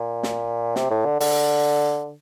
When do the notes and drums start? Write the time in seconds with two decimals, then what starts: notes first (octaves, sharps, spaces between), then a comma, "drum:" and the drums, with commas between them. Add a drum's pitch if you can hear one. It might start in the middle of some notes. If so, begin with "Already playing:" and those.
Already playing: A#2
0.23 drum: snare
0.76 C3, drum: snare
0.90 A2
1.06 D3
1.20 D3, drum: open hi-hat